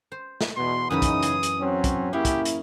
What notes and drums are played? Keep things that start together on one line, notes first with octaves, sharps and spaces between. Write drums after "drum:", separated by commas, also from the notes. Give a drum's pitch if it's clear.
C5
drum: snare
E2 B2 C6
F#2 C#3 E3 D#4 B4 D#6
drum: kick, hi-hat
G#4, drum: hi-hat
drum: hi-hat
F#3 C4 C#4
drum: kick, hi-hat
A#3 C#4 E4 G4 G#4 F#5
drum: kick, hi-hat
drum: hi-hat